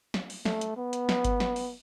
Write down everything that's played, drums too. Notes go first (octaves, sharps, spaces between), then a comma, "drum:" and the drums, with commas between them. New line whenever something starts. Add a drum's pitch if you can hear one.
drum: snare
drum: open hi-hat
A3, drum: snare
drum: hi-hat
B3
drum: hi-hat
drum: snare
drum: kick G1, hi-hat
drum: snare
drum: open hi-hat